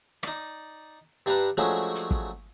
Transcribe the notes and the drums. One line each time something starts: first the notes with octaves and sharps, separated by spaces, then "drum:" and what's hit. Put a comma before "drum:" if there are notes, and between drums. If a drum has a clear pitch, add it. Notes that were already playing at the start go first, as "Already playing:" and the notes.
D#4 D5, drum: rim click
G2 G3 D4 B4 A#5
F3 F#3 G#3 A3 C#4 D4
drum: hi-hat
drum: kick